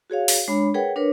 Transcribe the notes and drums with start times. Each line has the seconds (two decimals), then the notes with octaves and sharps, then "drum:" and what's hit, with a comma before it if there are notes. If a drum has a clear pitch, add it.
0.10 F#4 G#4 C#5 F5
0.28 drum: open hi-hat
0.48 G#3 D4 C#5 B5
0.74 G#4 A#4 B4 C#5 F#5 G5
0.96 D4 A#4 B4 C#5